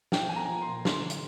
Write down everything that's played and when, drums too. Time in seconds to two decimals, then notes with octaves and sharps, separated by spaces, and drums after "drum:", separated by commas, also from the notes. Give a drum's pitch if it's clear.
0.12 F3 G5, drum: snare
0.29 F3 G#5
0.36 A#5
0.48 F3
0.62 C6
0.67 A#2
0.85 D3 C6, drum: snare
1.10 drum: hi-hat